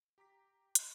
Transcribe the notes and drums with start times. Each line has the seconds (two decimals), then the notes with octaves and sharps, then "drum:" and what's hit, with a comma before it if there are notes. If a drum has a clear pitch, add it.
0.18 G4 A#5 D6 B6
0.75 D#5 C6 C#6, drum: hi-hat